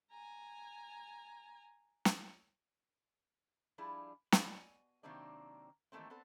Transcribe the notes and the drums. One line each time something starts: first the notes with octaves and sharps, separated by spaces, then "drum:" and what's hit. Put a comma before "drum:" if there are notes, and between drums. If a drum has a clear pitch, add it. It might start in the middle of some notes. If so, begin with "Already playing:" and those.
G#5 A#5
drum: snare
F3 G3 D4 E4 F4 G#4
F3 B3 F#4 G#4 D5 F5, drum: snare
G#5
C3 D#3 F#3 A#3 C4 D4
D#3 E3 G3 A3 A#3 C4
B3 C4 A4